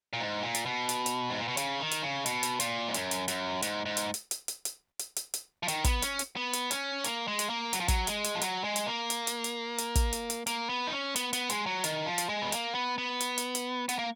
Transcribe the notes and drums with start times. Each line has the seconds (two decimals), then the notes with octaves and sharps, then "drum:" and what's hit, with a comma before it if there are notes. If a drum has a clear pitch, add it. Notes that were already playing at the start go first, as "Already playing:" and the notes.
0.13 A#2
0.20 G#2
0.43 A#2
0.55 drum: hi-hat
0.66 B2
0.89 drum: hi-hat
1.06 drum: hi-hat
1.30 G#2
1.39 A#2
1.48 B2
1.57 C#3, drum: hi-hat
1.80 D#3
1.91 drum: hi-hat
2.03 C#3
2.26 B2, drum: hi-hat
2.43 drum: hi-hat
2.60 A#2, drum: hi-hat
2.88 G#2
2.94 F#2, drum: hi-hat
3.11 drum: hi-hat
3.28 F#2, drum: hi-hat
3.62 G#2, drum: hi-hat
3.86 G#2
3.97 drum: hi-hat
4.14 drum: hi-hat
4.31 drum: hi-hat
4.48 drum: hi-hat
4.65 drum: hi-hat
4.99 drum: hi-hat
5.16 drum: hi-hat
5.34 drum: hi-hat
5.63 F3
5.68 D#3, drum: hi-hat
5.84 B3, drum: kick, hi-hat
6.02 C#4, drum: hi-hat
6.19 drum: hi-hat
6.36 B3
6.53 drum: hi-hat
6.71 C#4, drum: hi-hat
7.04 A#3, drum: hi-hat
7.28 G#3
7.39 drum: hi-hat
7.50 A#3
7.73 F#3, drum: hi-hat
7.80 F3
7.88 F#3, drum: kick, hi-hat
8.07 G#3, drum: hi-hat
8.24 drum: hi-hat
8.35 F3
8.41 F#3, drum: hi-hat
8.64 G#3
8.76 drum: hi-hat
8.87 A#3
9.10 drum: hi-hat
9.27 drum: hi-hat
9.44 drum: hi-hat
9.78 drum: hi-hat
9.95 drum: kick, hi-hat
10.13 drum: hi-hat
10.30 drum: hi-hat
10.47 A#3, drum: hi-hat
10.69 B3
10.87 D#4
10.93 C#4
11.16 B3, drum: hi-hat
11.33 B3, drum: hi-hat
11.50 G#3, drum: hi-hat
11.66 F#3
11.84 D#3, drum: hi-hat
12.06 F3
12.18 drum: hi-hat
12.29 G#3
12.42 B3
12.52 A#3, drum: hi-hat
12.75 B3
12.98 B3
13.20 drum: hi-hat
13.38 drum: hi-hat
13.55 drum: hi-hat
13.89 B3, drum: hi-hat
13.99 A#3